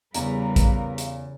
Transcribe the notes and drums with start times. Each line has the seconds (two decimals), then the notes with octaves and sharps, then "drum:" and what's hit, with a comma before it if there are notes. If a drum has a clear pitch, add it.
0.14 E2 C#3 G3 C#4 A#4 B4 F5 A#5, drum: hi-hat
0.56 drum: kick, hi-hat
0.98 drum: hi-hat